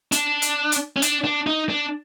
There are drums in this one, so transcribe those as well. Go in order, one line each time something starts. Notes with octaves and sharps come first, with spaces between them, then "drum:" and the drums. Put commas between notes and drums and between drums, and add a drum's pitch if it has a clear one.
D4, drum: hi-hat
drum: hi-hat
drum: hi-hat
C#4
D4, drum: hi-hat
D4
D#4
D4